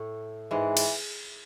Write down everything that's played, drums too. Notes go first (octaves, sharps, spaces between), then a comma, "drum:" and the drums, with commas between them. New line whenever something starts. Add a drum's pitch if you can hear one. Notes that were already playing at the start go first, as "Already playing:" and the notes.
Already playing: A2 A3
G#2 E3 G#3
drum: cymbal